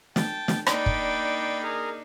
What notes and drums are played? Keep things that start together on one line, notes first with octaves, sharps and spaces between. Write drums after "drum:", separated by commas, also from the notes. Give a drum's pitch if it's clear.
G5 A5, drum: snare
drum: snare
A#3 D4 D#4 D5 G5 B5, drum: rim click
drum: kick
G#4 A#4